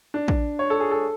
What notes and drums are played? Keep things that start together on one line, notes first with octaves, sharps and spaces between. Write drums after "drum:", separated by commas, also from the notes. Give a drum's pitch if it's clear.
D4
drum: kick
C#5
A4
G#4
A4